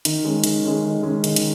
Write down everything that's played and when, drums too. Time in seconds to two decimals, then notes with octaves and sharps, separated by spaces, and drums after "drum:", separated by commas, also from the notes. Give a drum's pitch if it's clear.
0.05 D#3, drum: hi-hat
0.24 G#3 C#4
0.44 D#3, drum: hi-hat
0.65 G#3 C#4
0.84 D#3
1.03 G#3 C#4
1.24 D#3, drum: hi-hat
1.36 drum: hi-hat